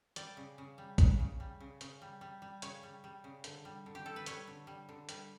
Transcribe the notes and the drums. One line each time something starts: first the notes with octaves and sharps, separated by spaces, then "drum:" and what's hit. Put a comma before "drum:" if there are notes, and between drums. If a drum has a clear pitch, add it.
G3 D5, drum: hi-hat
C#3
C#3
G3
C#3, drum: kick, hi-hat
C#3
G3
C#3
C#3, drum: hi-hat
G3
G3
G3
C#3 C#5, drum: hi-hat
G3
G3
C#3
D3, drum: hi-hat
G3
D3
G4
G3 A4
B4
G3 C#5, drum: hi-hat
D3
G3
D3
G3, drum: hi-hat